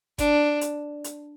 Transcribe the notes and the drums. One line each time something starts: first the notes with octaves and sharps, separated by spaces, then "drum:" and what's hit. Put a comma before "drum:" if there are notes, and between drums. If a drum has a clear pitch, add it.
D4, drum: kick G1, hi-hat
drum: hi-hat
drum: hi-hat